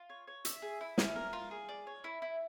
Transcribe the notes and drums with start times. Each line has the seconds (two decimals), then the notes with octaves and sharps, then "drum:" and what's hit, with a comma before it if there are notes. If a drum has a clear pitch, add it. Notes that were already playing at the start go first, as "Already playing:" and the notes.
Already playing: F4
0.10 C#5
0.27 C#5
0.45 E5, drum: hi-hat
0.62 G#4
0.81 E4
0.98 C#4, drum: snare
1.16 A#4
1.33 F4
1.51 G#4
1.69 D5
1.87 C#5
2.04 E4
2.22 E4